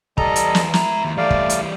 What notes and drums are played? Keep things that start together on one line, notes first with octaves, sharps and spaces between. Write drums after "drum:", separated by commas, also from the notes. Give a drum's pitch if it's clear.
E2 G3 A4 D#5 A#5, drum: kick
drum: hi-hat
drum: snare
G#3 E4 A#5, drum: snare
D#2
E3 G3 A3 D5 F5
drum: kick
drum: hi-hat